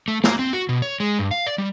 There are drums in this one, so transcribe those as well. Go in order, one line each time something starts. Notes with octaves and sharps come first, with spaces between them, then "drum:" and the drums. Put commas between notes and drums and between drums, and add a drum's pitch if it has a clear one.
A3
A#3, drum: snare
C4
F#4
B2
C#5
G#3
G2
F5
D5
G3